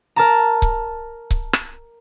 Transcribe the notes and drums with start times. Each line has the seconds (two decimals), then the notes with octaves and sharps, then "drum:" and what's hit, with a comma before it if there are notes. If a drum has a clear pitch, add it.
0.16 A#4 A5 A#5
0.62 drum: kick C#1
1.31 drum: kick C#1
1.53 drum: rim click